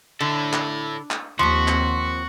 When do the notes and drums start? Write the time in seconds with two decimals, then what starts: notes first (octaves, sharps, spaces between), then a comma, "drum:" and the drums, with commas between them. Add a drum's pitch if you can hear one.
0.20 D3 E4 A4
0.53 drum: clap
1.11 drum: clap
1.39 D#2 F3 C4 F#4 C6 C#6 B6
1.68 drum: clap